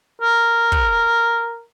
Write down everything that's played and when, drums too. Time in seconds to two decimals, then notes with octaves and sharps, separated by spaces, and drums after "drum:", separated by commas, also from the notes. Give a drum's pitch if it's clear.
0.22 A#4
0.72 drum: kick